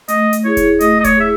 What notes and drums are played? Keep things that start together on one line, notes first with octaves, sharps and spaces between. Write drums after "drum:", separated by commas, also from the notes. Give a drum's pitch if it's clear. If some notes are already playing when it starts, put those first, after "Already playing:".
A3 D#5, drum: hi-hat
drum: hi-hat
E4 G#4 C#5
drum: kick D#1, hi-hat
A3 D#5, drum: hi-hat
D#5
C#5, drum: kick D#1, hi-hat
E4 G#4 E5